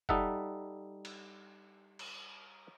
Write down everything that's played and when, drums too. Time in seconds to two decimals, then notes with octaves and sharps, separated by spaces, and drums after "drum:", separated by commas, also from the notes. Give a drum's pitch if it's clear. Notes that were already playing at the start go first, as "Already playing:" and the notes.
0.09 G3 D#4 A4 E5 F#5, drum: kick F1
1.05 drum: cymbal
1.99 drum: cymbal